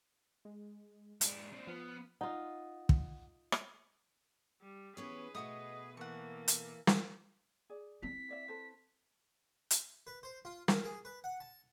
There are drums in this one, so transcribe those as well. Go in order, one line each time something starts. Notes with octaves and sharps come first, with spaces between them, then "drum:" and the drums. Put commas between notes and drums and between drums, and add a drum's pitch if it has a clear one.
G#3
G#2 G#3 D4 C#7, drum: hi-hat
C4 D4
F3 B3 F6 C7
D#4 F4 F#5
drum: kick
drum: rim click
G3
E3 B3 C#4 G#4 B4 C#5
B2 A3 F#4 D#5 D#6
E3 A#3 A4 F#5 C#6
drum: hi-hat
drum: snare
G#4 D5
C4 E4 B6
C#5 D5 E5
A4 B4 C5
drum: hi-hat
B4
C5
F4
A#4, drum: snare
G#4
B4
F#5
A5